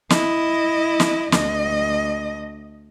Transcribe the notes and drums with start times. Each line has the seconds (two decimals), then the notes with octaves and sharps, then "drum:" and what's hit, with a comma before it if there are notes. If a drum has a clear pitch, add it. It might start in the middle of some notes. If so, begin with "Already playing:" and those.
0.10 E4 D#5, drum: snare
1.00 drum: snare
1.32 D2 D#5, drum: snare